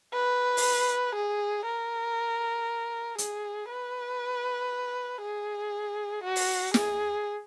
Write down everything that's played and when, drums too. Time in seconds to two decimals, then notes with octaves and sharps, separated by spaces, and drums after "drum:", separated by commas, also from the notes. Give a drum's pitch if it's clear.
0.13 B4
0.57 drum: open hi-hat
1.15 G#4
1.66 A#4
3.18 G#4, drum: hi-hat
3.69 B4
5.22 G#4
6.24 F#4
6.36 drum: open hi-hat
6.74 G#4, drum: snare